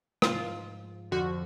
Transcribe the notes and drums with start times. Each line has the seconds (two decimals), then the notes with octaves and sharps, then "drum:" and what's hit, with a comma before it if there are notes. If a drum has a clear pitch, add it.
0.22 G#2 F3 F4, drum: rim click
1.12 F2 D3 F3 F#4